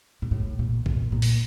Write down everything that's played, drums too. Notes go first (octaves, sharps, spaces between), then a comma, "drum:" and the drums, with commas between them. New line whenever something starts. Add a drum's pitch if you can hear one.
A#2
A2
A#2
A#2, drum: kick A1
A#2
drum: open hi-hat